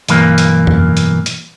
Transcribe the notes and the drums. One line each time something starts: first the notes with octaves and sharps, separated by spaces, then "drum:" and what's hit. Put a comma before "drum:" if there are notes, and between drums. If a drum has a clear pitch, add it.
B1 G2 E3 A#3, drum: hi-hat
drum: hi-hat
drum: tom F2
drum: hi-hat
drum: hi-hat